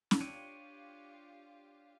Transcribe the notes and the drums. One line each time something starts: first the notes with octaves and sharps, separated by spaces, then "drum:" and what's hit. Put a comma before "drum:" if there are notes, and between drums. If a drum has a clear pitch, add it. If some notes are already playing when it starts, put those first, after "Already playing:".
drum: snare C#4
D4 F4 G4 C#5 F5 G5 D#7